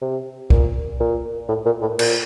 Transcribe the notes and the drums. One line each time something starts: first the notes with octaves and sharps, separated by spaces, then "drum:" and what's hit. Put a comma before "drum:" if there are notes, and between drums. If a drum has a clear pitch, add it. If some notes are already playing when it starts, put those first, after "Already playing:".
C3
A#2, drum: kick
A#2
A2
A#2
A2
A#2, drum: cymbal